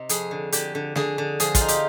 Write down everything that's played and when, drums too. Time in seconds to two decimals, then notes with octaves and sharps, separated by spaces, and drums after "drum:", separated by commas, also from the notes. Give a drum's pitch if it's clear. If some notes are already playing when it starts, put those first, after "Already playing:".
Already playing: C3 D#4
0.09 F2 G#4, drum: hi-hat
0.31 D3
0.52 D3 G4, drum: hi-hat
0.75 D3
0.96 D3 G#4, drum: snare
1.18 D3
1.40 F3 G#4, drum: hi-hat
1.55 F4, drum: kick, hi-hat
1.61 D#4
1.68 G4, drum: hi-hat